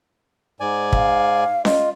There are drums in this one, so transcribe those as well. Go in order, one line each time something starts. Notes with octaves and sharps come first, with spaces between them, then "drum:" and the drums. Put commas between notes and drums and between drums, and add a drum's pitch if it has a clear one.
G#2 D5 G#5
F5, drum: kick
F4 D#5, drum: snare C#4